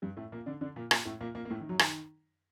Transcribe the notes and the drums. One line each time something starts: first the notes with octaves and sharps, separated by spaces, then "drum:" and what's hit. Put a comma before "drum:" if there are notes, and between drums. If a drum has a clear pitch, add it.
G2 G3
A2 A3
A#2 A#3
D3 D4
D3 D4
A#2 A#3
A#2 A#3, drum: rim click
A2 A3
A#2 A#3
A#2 A#3
A#3
A2 A3
D#3
F#2 F#3
D#3, drum: rim click